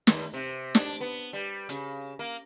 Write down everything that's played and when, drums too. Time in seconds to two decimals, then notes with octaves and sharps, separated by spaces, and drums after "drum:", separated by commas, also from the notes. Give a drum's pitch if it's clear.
0.07 D#2, drum: snare
0.34 C3
0.75 D4, drum: snare
1.01 B3
1.33 G3
1.69 C#3, drum: hi-hat
2.19 A#3